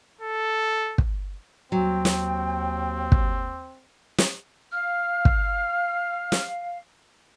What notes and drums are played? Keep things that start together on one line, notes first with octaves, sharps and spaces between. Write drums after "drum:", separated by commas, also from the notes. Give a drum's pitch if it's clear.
A4
drum: kick
D#2 F#3 C4 G5
drum: snare
drum: kick
drum: snare
F5 F6
drum: kick
drum: snare